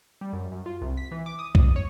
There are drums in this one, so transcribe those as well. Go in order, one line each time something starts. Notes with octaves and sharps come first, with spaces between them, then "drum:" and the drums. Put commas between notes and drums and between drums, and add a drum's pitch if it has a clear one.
G3
F#2
F#2
F4
C2
B6
E3
D6
D#6
drum: kick C2
C#5